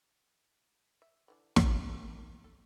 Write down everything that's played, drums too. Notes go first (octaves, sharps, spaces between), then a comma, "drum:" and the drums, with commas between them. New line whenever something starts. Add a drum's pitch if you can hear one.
E5
D3 E3 D4
A3 F4 A5, drum: snare
D#3 C#4 F4
D#4 A#4
A4